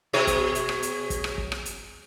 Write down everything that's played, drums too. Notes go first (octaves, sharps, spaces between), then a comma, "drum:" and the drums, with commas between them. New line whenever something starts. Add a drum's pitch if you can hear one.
B2 G#4 C#5
drum: kick, hi-hat
drum: hi-hat
drum: rim click
drum: hi-hat
drum: kick, hi-hat
drum: rim click
drum: kick
drum: rim click
drum: hi-hat